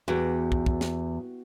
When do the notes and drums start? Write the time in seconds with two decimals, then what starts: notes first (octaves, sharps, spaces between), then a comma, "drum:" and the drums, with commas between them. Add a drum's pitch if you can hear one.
0.08 E2 F#4 G4
0.52 drum: kick
0.66 drum: kick
0.81 drum: snare